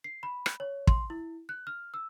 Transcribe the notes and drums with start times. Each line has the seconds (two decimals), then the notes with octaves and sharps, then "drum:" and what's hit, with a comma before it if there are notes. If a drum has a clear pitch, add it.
0.04 C7
0.23 B5
0.46 drum: rim click
0.60 C#5
0.87 C6, drum: kick
1.10 E4
1.49 F#6
1.67 F6
1.94 E6